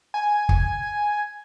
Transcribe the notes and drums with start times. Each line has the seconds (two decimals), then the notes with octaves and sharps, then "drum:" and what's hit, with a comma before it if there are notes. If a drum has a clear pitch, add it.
0.14 G#5
0.49 drum: kick